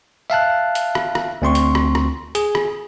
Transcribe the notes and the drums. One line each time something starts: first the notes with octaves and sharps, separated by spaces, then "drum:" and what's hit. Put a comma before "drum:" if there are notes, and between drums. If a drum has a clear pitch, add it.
E5 F5 A5 F#6
drum: hi-hat
drum: rim click
drum: rim click
D2 C4 C6 C#6
drum: hi-hat
drum: rim click
drum: rim click
G#4, drum: hi-hat
drum: rim click